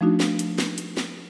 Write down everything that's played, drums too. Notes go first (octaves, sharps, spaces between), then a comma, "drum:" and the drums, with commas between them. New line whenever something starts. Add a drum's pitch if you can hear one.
F3 A3 D4 D#4 F#4
drum: snare
drum: hi-hat
drum: snare
drum: hi-hat
drum: snare